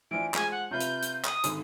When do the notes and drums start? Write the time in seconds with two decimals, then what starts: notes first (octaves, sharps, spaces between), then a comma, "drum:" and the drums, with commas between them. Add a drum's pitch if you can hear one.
0.11 E3 F3 D4 D7
0.34 F3 G#3 G#5, drum: clap
0.51 F#5
0.71 C3 F4 B4 G6
0.80 drum: hi-hat
1.03 drum: hi-hat
1.25 D#6, drum: clap
1.44 G#1 G#2 D3, drum: hi-hat